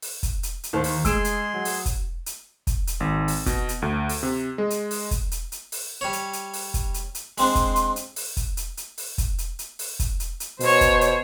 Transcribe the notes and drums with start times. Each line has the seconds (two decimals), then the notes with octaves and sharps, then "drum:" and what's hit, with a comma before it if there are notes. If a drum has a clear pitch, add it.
0.02 drum: open hi-hat
0.23 drum: kick, hi-hat
0.43 drum: hi-hat
0.63 drum: hi-hat
0.73 D#2 D#3 C5
0.84 drum: open hi-hat
1.05 G#3 G#4 C6 E6 D7 E7, drum: kick, hi-hat
1.25 drum: hi-hat
1.54 F#3
1.65 drum: open hi-hat
1.86 drum: kick, hi-hat
2.26 drum: hi-hat
2.67 drum: kick, hi-hat
2.87 drum: hi-hat
3.00 G#1
3.28 drum: open hi-hat
3.46 B2, drum: kick, hi-hat
3.69 drum: hi-hat
3.82 D2
4.09 drum: open hi-hat
4.23 C3
4.58 G#3
4.70 drum: hi-hat
4.91 drum: open hi-hat
5.11 drum: kick, hi-hat
5.31 drum: hi-hat
5.52 drum: hi-hat
5.72 drum: open hi-hat
6.01 G3 C#5
6.13 drum: hi-hat
6.33 drum: hi-hat
6.54 drum: open hi-hat
6.74 drum: kick, hi-hat
6.94 drum: hi-hat
7.15 drum: hi-hat
7.38 G#3 C4 D4 C6, drum: open hi-hat
7.55 drum: kick, hi-hat
7.76 drum: hi-hat
7.96 drum: hi-hat
8.16 drum: open hi-hat
8.37 drum: kick, hi-hat
8.57 drum: hi-hat
8.77 drum: hi-hat
8.98 drum: open hi-hat
9.18 drum: kick, hi-hat
9.38 drum: hi-hat
9.59 drum: hi-hat
9.79 drum: open hi-hat
9.99 drum: kick, hi-hat
10.20 drum: hi-hat
10.40 drum: hi-hat
10.60 B2 C5 C#5, drum: open hi-hat
10.81 drum: kick, hi-hat
11.01 drum: hi-hat